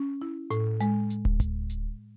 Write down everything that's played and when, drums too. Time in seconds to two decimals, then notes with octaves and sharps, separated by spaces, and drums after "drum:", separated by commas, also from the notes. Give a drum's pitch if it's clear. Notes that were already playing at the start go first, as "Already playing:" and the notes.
Already playing: C#4
0.22 E4
0.51 A2, drum: hi-hat
0.81 G#3, drum: hi-hat
1.10 drum: hi-hat
1.25 drum: kick
1.40 drum: kick, hi-hat
1.70 drum: hi-hat